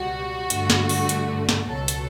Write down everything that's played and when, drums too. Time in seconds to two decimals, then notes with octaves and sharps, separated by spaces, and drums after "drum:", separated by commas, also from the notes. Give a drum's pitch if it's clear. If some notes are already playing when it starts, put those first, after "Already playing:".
Already playing: C#2 B2 G3 F#4
0.50 G2 D3 A3, drum: hi-hat
0.70 drum: snare
0.89 drum: open hi-hat
1.09 drum: hi-hat
1.49 drum: snare
1.69 C#2 B2 F#3 A4
1.88 drum: hi-hat